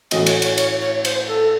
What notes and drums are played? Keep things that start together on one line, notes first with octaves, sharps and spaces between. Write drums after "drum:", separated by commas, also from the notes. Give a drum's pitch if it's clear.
A2 E3 A3 C#4 F#4 D#5, drum: cymbal
C#5, drum: cymbal
C#5, drum: cymbal
C#5, drum: cymbal
C#5
C5, drum: cymbal
A4